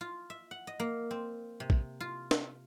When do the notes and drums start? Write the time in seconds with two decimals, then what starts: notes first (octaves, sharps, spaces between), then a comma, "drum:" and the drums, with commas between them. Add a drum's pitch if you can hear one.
0.01 F4
0.30 E5
0.51 F#5
0.67 D#5
0.80 A#3
1.11 C4
1.60 C3
1.70 drum: kick A#1
2.00 F4
2.31 drum: snare